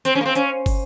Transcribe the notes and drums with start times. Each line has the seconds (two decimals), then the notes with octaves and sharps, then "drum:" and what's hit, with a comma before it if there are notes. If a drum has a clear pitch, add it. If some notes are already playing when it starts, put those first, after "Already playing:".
0.05 C4, drum: hi-hat
0.15 C#4
0.21 A#3
0.26 C4
0.35 C#4, drum: hi-hat
0.66 drum: kick, open hi-hat